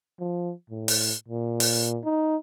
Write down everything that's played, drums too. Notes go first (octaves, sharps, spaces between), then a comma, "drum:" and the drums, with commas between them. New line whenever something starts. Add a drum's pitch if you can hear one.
F3
A2
drum: open hi-hat
A#2
drum: open hi-hat
D#4